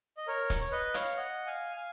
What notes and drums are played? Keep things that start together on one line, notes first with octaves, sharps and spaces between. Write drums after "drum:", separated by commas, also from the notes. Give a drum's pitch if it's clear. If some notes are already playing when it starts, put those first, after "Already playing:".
D#5
A#4 C#5
drum: kick, hi-hat
C#5
B4 D#5
C#5 F5, drum: hi-hat
D#5 F#5
F5 G#5
F5 G#5